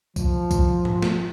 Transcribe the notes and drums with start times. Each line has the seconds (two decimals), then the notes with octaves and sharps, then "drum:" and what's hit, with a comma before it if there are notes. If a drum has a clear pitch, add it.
0.16 F3, drum: kick B1, tambourine
0.51 drum: kick B1, tambourine
0.85 drum: tom G#2
1.02 drum: snare